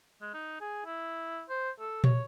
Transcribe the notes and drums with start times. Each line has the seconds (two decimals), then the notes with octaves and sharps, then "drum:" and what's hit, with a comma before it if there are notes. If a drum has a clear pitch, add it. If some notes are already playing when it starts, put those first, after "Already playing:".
0.22 G#3
0.34 D#4
0.61 G#4
0.85 E4
1.49 C5
1.80 A4
2.04 C#5, drum: tom A#2